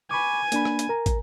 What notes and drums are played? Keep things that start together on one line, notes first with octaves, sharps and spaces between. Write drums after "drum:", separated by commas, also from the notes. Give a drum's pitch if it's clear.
G#5 B5 C#6 D6
A#3 D4 B5, drum: hi-hat
drum: rim click
drum: hi-hat
A#4 A#5
drum: kick, hi-hat